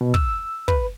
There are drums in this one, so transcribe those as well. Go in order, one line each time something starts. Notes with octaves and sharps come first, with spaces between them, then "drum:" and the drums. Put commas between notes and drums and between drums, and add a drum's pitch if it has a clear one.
B2
E6, drum: kick
B4, drum: kick